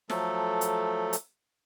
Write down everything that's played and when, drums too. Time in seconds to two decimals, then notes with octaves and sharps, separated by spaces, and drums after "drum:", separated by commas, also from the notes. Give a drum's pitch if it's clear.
0.09 F3 F#3 A3 A4, drum: snare
0.61 drum: hi-hat
1.13 drum: hi-hat